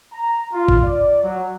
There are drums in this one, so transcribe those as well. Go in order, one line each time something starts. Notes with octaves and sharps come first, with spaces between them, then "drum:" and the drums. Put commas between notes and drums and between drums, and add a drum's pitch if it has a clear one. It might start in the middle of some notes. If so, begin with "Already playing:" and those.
A#5
F4
drum: kick A1
D5
F#3